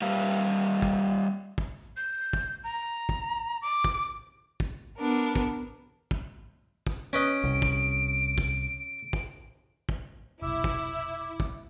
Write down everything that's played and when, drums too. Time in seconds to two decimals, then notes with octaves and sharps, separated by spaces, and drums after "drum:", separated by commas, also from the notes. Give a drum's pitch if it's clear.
0.02 G3 A#3 G4 F5
0.82 drum: kick
1.58 drum: kick
1.97 G6
2.33 drum: kick
2.64 A#5
3.09 drum: kick
3.62 D6
3.84 drum: kick
4.60 drum: kick
4.98 B3 D4 A#4
5.36 drum: kick
6.11 drum: kick
6.87 drum: kick
7.13 C#4 B4 D#5 D7
7.44 C2 C3
7.62 drum: kick
8.38 drum: kick
9.13 drum: kick
9.89 drum: kick
10.42 F1 B1 E4 D6 E6
10.64 drum: kick
11.40 drum: kick